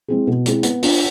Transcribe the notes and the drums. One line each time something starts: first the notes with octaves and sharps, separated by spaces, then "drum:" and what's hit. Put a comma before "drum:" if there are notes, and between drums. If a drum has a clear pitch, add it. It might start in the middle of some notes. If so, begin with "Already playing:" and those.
G#3 C4 E4 G#4
B2
G#3 C4 E4 G#4, drum: hi-hat
B3, drum: hi-hat
D4 F4, drum: open hi-hat